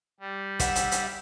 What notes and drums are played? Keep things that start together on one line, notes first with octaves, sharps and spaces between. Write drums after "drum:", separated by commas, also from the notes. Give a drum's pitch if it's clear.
G3
E5 F#5, drum: kick, hi-hat
drum: hi-hat
drum: hi-hat